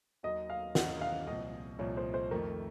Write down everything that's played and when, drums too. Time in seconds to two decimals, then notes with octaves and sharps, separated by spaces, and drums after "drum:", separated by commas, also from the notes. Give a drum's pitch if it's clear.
0.23 D#2 D#3 F#3 D#5
0.50 F5
0.75 D#2 D#3 F#3 F#5, drum: snare
1.01 F5
1.27 C2 A#2 F3 D#5
1.79 C2 A#2 F3 C#5
1.97 C5
2.14 C5
2.31 F2 D#3 A3 A#4